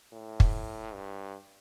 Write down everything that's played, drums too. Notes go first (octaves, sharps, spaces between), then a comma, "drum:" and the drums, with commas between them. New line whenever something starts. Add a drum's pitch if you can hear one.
A2
drum: kick
G2